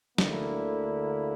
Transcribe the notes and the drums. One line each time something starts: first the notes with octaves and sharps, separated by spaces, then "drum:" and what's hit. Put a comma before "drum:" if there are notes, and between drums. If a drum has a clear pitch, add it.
D2 D3 A#3 E4, drum: snare